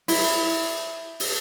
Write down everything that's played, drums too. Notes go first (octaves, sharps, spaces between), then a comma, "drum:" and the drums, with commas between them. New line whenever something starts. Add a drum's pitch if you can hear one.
E4, drum: open hi-hat
drum: open hi-hat